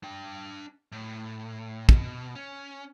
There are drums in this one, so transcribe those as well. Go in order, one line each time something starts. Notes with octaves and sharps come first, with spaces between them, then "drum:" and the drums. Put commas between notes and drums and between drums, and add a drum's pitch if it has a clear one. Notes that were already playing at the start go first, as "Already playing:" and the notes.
D4 G5
A2
B2, drum: kick
C#4